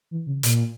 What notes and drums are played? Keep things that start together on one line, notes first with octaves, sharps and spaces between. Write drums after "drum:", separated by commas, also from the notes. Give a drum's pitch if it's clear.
E3
C#3
A#2, drum: hi-hat